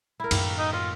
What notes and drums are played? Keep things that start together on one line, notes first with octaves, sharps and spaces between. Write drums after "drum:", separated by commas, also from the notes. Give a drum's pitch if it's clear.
E4 A#4
F#2 A2 D#3 A#3, drum: cymbal
D#4
F4 D#5